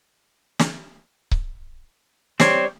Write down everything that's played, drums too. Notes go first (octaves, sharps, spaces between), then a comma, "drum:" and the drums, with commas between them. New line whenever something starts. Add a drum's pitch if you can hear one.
drum: snare
drum: kick C#1
G3 C4 C5 C#5, drum: snare